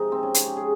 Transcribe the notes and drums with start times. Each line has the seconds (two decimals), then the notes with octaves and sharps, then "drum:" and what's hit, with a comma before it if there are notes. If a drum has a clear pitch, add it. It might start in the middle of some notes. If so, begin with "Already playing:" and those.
Already playing: C3 F3 G#3 D#4
0.12 C4
0.23 C#4
0.34 F4, drum: hi-hat
0.45 G4
0.57 G#4